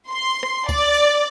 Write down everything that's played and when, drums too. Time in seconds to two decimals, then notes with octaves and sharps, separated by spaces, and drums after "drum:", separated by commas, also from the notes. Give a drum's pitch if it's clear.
0.10 C6
0.43 drum: rim click
0.69 D5, drum: kick C#2, tambourine
0.94 drum: tambourine